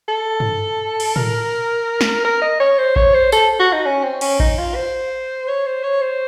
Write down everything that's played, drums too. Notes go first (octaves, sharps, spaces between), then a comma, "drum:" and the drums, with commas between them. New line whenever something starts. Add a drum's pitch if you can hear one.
A4
drum: tom G2
drum: cymbal
A#4, drum: tom A2
drum: snare
A#4
D#5
C#5
C5
C#5, drum: kick A1
C5
A4, drum: tambourine
F#4
D#4
C#4
C4
C#4, drum: cymbal
D#4, drum: kick A1
F4
C5
C#5
C5
C#5
C5